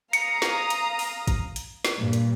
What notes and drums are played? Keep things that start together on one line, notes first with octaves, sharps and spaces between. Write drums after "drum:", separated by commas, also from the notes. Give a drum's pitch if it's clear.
F5 A#5 D#6 C#7, drum: hi-hat
drum: snare
drum: hi-hat
drum: open hi-hat
drum: kick, hi-hat
drum: hi-hat
drum: snare
G2 A#2
drum: hi-hat